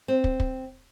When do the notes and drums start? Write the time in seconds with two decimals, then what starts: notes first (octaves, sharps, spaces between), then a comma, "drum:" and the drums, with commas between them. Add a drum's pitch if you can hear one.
0.08 C4
0.24 drum: kick
0.40 drum: kick